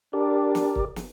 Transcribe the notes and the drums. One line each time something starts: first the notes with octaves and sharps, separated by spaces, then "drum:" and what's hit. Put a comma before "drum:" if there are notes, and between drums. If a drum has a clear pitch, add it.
D4 G4 A#4 D5
drum: snare
drum: kick C#1
drum: snare